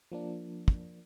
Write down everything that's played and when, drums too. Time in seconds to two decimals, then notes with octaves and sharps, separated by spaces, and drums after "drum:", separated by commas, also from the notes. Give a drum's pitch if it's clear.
0.12 F3 A#3 D4
0.68 drum: kick